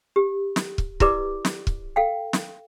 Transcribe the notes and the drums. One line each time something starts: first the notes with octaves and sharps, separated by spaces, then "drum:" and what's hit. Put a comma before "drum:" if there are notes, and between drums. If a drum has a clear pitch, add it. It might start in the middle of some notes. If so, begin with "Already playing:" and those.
G4
drum: snare
drum: kick
E4 G4 A#4 B4 D5 D6, drum: kick
drum: snare
drum: kick
A4 F5 G5
drum: snare